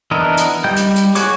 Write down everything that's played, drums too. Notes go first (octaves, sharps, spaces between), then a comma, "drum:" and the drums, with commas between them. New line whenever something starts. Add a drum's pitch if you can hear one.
E3 B3 D4 A#4 D#5
drum: hi-hat
G3 D#5 G5 G6
drum: hi-hat
drum: hi-hat
F#4 G#4 C#5 D6, drum: hi-hat